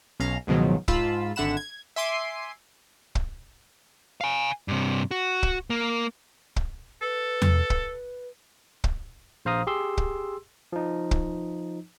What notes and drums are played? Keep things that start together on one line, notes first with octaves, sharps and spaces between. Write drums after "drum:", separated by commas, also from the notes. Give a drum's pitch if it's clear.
B1 C#4 F5 A#5
C#2 G#2 B2 D#3 F3 F#3
G#2 F4 A5 B5 E6, drum: kick
G#1 D3 E5 F#5 B5 E7
G#6
E5 G#5 C6 D6 C7 D#7
drum: kick
F5 G#5
G2 C3
F#4
drum: kick
A#3
drum: kick
A4 B4
drum: tom E2
drum: kick
drum: kick
A#1 C5 F5 A#5 D#6
G4 G#4 C6 E6
drum: kick
F3 D#4
drum: kick